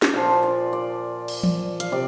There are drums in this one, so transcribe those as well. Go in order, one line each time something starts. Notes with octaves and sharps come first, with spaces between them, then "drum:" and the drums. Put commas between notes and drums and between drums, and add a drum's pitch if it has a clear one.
D5, drum: snare
A#2 F3 F5
D5
D5
drum: cymbal
drum: tom E3
F5, drum: hi-hat
C3 D5